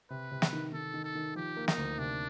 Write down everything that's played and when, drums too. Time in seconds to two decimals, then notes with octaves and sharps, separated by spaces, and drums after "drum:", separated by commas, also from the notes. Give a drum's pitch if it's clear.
0.10 C3 B4
0.32 C3
0.42 drum: snare
0.53 D#3
0.73 D#3 A4
0.94 D#3
1.04 A4
1.15 D#3
1.35 F3 G4
1.57 A#3
1.68 D#4, drum: snare
1.77 D2
1.98 C3 D4